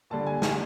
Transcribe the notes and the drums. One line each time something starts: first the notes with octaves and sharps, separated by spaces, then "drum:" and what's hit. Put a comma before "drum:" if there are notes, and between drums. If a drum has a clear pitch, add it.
D#2 D3 G3 A5
G#5
G#5, drum: snare